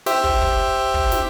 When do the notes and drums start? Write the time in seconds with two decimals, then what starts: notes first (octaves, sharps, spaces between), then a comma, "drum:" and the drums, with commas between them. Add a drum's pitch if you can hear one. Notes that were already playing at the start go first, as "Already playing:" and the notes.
0.06 G4 C5 E5, drum: snare
0.24 drum: kick
0.41 drum: kick
0.94 drum: kick
1.12 drum: snare